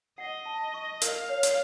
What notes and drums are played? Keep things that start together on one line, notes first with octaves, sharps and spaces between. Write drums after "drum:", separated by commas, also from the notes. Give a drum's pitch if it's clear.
D#5 F#5
A5
C#6
A#4 F5, drum: hi-hat
C#5
drum: hi-hat